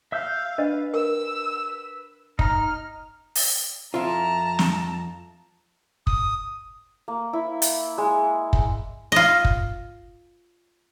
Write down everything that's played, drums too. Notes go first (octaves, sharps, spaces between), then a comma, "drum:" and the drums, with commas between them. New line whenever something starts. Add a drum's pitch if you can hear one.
E5 F5 E6 G6
D4 B4 D#5
A#4 E6
D#4 A#5 F6, drum: kick
drum: open hi-hat
F2 E4 F4 A5 A#5
drum: snare
D#6, drum: kick
A#3
E4
drum: hi-hat
G#3
drum: kick
F4 D#5
drum: kick